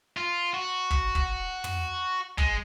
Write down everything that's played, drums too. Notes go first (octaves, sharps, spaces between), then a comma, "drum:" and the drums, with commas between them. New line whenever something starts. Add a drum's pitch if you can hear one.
F4
F#4
drum: kick
drum: kick
drum: tom
G#3, drum: kick